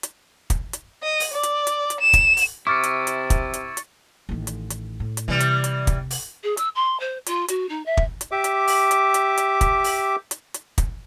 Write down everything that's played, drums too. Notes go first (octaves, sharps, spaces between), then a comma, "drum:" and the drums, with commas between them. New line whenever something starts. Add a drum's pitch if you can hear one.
drum: hi-hat
drum: kick, hi-hat
drum: hi-hat
D#5
drum: open hi-hat
D5
drum: hi-hat
drum: hi-hat
drum: hi-hat
E7
drum: kick, hi-hat
drum: open hi-hat
C3 E4 C#6 D6 E6 F6 A6 C#7
drum: hi-hat
drum: hi-hat
drum: kick, hi-hat
drum: hi-hat
drum: hi-hat
A1 D#3
drum: hi-hat
drum: hi-hat
A2
drum: hi-hat
C3 E3 G3
drum: hi-hat
drum: hi-hat
drum: kick, hi-hat
drum: open hi-hat
G#4
E6, drum: hi-hat
C6
C5
F4, drum: hi-hat
F#4, drum: hi-hat
D#4
E5
drum: kick
drum: hi-hat
G4 E5 D6
drum: hi-hat
drum: open hi-hat
drum: hi-hat
drum: hi-hat
drum: hi-hat
drum: kick, hi-hat
drum: open hi-hat
drum: hi-hat
drum: hi-hat
drum: kick, hi-hat